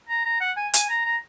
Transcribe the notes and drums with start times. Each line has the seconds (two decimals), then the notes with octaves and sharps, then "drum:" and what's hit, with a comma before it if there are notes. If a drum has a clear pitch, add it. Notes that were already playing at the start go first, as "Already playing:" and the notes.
0.09 A#5
0.25 A#5
0.41 F#5
0.57 G#5
0.74 G#5, drum: hi-hat
0.89 A#5
1.06 A#5